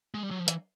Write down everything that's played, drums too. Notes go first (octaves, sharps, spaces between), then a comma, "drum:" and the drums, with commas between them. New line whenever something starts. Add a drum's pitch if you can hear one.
G#3
G3
F#3
F3
E3, drum: hi-hat